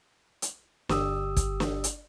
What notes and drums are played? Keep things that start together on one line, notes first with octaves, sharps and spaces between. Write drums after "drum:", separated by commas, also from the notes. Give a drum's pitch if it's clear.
drum: hi-hat
G1 G4 D#6 E6, drum: snare
drum: kick, hi-hat
drum: snare
drum: hi-hat